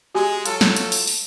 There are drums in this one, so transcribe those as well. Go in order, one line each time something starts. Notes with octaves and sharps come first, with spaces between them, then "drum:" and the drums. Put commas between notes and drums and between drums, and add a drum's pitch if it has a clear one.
G#3 F#4 G4 G#5
F#3 F4 A4, drum: hi-hat
drum: snare
drum: hi-hat
drum: open hi-hat
drum: open hi-hat